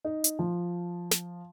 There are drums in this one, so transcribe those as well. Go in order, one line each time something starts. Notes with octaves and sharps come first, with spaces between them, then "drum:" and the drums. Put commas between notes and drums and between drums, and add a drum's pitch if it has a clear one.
D#4
drum: hi-hat
F3
drum: snare